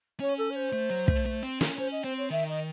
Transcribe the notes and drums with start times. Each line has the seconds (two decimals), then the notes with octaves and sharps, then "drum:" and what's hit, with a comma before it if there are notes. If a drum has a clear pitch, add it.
0.20 C#4 C#5
0.38 A4
0.50 C#5
0.55 C5
0.73 A3
0.91 F#3
1.08 A3, drum: kick
1.26 A3
1.43 C4
1.61 C#4, drum: snare
1.78 C#4 C5
1.92 D#5
2.04 C4 C5
2.18 C#5
2.30 D#3 E5
2.48 D#5